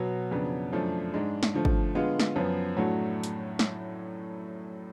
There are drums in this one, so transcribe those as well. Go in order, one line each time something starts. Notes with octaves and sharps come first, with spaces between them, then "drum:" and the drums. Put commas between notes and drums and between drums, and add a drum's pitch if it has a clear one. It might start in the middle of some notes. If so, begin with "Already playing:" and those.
Already playing: B2 F#3 B3
F2 C#3 F#3 B3 D4
F#2 F3 A3 D4
G#2 G#3 D4
drum: snare
D3 F3 A3
drum: kick
D3 G#3 B3 F4
drum: snare
F#2 F3 B3
A2 F#3 A3 D4 F#4
drum: hi-hat
drum: snare